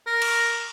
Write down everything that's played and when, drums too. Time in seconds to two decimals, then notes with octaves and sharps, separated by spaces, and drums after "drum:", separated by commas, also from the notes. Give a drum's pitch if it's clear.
0.07 A#4
0.22 drum: cymbal